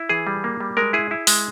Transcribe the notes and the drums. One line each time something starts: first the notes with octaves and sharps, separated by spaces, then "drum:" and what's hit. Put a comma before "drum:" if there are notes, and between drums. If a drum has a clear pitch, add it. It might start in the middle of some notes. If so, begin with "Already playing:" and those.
Already playing: E4
E3 G#4
G3
A#3
G3
G#3 A#4
E4 G#4
E4
G#3, drum: open hi-hat